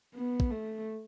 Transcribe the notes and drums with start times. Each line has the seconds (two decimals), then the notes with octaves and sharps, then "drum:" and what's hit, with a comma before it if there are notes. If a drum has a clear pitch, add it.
0.15 B3
0.40 drum: kick
0.51 A3